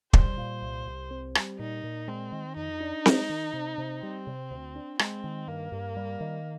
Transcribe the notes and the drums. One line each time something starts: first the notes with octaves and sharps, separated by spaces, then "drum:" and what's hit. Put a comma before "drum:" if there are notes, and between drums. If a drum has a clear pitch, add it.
G3 C5, drum: kick
A#2
C2
C2
C4
G3, drum: rim click
A#2 D#4
A#2
G#3 C4
D#3
F2 D#4
D4
G#3, drum: snare C4
D#3
C3
C3
G3 C4
C3
D2
D4
G#3 C4, drum: rim click
D#3
G2 A#3
G2
G3
D#3